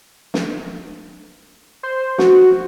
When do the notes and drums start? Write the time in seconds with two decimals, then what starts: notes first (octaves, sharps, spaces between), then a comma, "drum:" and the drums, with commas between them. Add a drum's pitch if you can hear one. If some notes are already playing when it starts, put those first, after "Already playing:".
0.34 drum: snare
1.83 C5
2.18 F#4, drum: snare